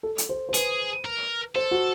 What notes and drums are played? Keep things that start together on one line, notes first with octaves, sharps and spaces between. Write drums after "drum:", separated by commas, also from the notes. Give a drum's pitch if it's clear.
A4
drum: hi-hat
C5
C5
G#4 B4, drum: hi-hat
A#4
A4 C5
F#4